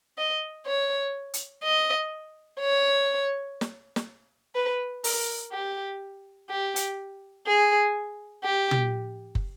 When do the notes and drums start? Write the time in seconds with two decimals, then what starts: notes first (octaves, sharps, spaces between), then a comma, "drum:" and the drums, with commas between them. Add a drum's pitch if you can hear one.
0.18 D#5
0.66 C#5
1.34 drum: hi-hat
1.64 D#5
2.61 C#5
3.61 drum: snare
3.96 drum: snare
4.55 B4
5.04 A#4, drum: open hi-hat
5.52 G4
6.49 G4
6.76 drum: hi-hat
7.47 G#4
8.44 G4
8.71 drum: tom
9.35 drum: kick